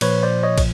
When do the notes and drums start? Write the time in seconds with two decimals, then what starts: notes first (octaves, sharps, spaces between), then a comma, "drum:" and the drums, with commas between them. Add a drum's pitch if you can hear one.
0.01 A#2 F3 B4 C#5, drum: cymbal
0.23 C5 D5
0.43 C#5 D#5
0.58 drum: kick, cymbal